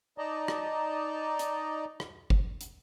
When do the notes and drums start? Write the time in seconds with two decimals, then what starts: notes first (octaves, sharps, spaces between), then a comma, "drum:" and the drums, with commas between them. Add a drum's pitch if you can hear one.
0.18 D#4 D5 D#5 A5 A#5
0.48 drum: rim click
1.39 drum: hi-hat
2.00 drum: rim click
2.30 drum: kick
2.61 drum: hi-hat